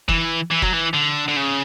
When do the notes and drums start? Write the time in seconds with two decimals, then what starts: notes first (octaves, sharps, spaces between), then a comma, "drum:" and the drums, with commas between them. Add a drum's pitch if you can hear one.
0.09 E3, drum: kick F#1
0.51 E3
0.62 F#3, drum: kick F#1
0.73 E3
0.93 D3
1.28 D3
1.36 C#3